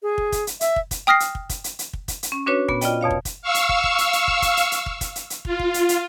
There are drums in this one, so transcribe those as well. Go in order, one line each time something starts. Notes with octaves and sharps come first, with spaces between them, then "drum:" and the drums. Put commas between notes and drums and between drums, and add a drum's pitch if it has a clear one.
G#4
drum: kick
drum: kick, hi-hat
drum: hi-hat
E5, drum: hi-hat
drum: kick
drum: kick, hi-hat
G5 D#6 F6 A#6 C7
drum: hi-hat
drum: kick
drum: kick, hi-hat
drum: hi-hat
drum: hi-hat
drum: kick
drum: kick, hi-hat
drum: hi-hat
C#4
C#4 D4 F#4 B4 C#5
A#2 B3, drum: kick
F4 D5 D#5 G5, drum: hi-hat
F2 B2 C#5 F5
drum: kick
drum: kick, hi-hat
F5 C#6 E6
drum: hi-hat
drum: kick
drum: kick
drum: hi-hat
drum: hi-hat
drum: kick
drum: kick, hi-hat
drum: hi-hat
drum: hi-hat
drum: kick
drum: kick, hi-hat
drum: hi-hat
drum: hi-hat
F4, drum: kick
drum: kick
drum: hi-hat
drum: hi-hat